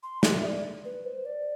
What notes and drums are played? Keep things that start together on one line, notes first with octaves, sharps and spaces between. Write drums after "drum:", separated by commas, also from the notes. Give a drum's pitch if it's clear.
C6
E5, drum: snare
D5
B4
C5
D5